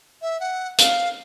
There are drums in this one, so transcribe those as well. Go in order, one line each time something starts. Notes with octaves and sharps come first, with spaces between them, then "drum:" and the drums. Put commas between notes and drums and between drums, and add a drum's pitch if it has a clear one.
E5
F#5
F5, drum: hi-hat